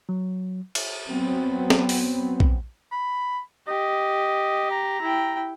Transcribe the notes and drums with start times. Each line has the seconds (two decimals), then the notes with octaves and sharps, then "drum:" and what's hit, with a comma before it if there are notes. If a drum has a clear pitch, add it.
0.09 F#3
0.75 drum: cymbal
1.07 F#3 B3 C4
1.70 drum: snare
1.89 drum: open hi-hat
2.40 drum: kick
2.92 B5
3.68 G4 D#5
4.71 A#5
5.01 E4 G5